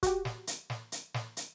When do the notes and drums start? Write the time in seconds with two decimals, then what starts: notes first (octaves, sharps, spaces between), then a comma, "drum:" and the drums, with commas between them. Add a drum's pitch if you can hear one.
0.03 F#4 G4, drum: kick, hi-hat
0.25 drum: snare
0.47 drum: hi-hat
0.70 drum: snare
0.92 drum: hi-hat
1.14 drum: snare
1.37 drum: hi-hat